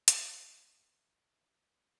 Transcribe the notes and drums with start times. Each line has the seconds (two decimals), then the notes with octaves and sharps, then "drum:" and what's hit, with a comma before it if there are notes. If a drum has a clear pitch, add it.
0.08 G#1 E2 E5, drum: hi-hat